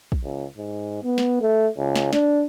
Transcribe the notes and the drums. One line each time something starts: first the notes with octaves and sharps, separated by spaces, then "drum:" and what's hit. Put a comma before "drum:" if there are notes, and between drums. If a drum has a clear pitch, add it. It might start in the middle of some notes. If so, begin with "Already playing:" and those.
drum: kick
C#2
G#2
B3
drum: snare
A3
C#2
drum: snare
D4, drum: snare